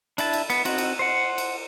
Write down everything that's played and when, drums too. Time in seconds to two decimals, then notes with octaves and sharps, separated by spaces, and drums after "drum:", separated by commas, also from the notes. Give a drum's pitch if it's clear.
0.18 D4 E4 A5, drum: cymbal
0.33 drum: cymbal
0.50 B3, drum: cymbal
0.65 C4 D#4 F#4, drum: cymbal
0.78 drum: cymbal
0.99 C5 F#5
1.38 drum: cymbal